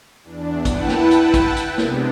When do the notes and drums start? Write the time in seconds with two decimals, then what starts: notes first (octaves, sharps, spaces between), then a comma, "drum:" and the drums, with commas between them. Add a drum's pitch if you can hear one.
0.24 E2 D4
0.65 E4 B4 F#5 G5 A5, drum: kick, hi-hat
0.88 drum: snare
1.11 drum: hi-hat
1.34 drum: kick, hi-hat
1.57 drum: hi-hat
1.78 C3 G#3 B3 D4, drum: snare